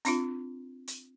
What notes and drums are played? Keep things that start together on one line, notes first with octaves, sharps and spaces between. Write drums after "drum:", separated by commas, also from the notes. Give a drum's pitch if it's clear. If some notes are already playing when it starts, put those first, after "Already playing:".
C4 D4 F4, drum: hi-hat
drum: hi-hat